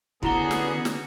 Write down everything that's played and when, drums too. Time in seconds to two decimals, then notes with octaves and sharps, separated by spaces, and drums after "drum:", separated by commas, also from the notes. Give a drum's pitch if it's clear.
0.23 D3 B3 C#4 E4 F#4 G#4 A#5 G7, drum: kick
0.51 drum: snare
0.85 drum: snare